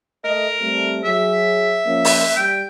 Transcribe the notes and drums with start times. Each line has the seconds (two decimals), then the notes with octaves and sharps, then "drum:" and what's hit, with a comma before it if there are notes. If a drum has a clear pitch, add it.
0.25 A3 A#4 D#5
0.61 G3 A3 C4
1.04 F#3 G#4 E5
1.86 F3 A#3 C#4
2.05 drum: open hi-hat
2.36 G3 G5